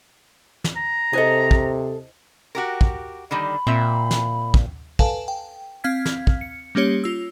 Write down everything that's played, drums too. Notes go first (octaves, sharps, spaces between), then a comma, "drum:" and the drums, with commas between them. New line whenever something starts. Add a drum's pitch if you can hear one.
drum: snare
A#5
C3 E4 G#4 A4 C5 D#5
drum: kick
F#4 G4 A#4
drum: kick
D3 D#3 G3 B5
A#2 C4 E5
drum: snare
drum: kick
A4 B4 F5 G#5 A5, drum: kick
G5
C4 F5 F6 G#6 B6
drum: snare
drum: kick
C#7
G3 A#3 C#4 G4 C#5 C#7
F4 E6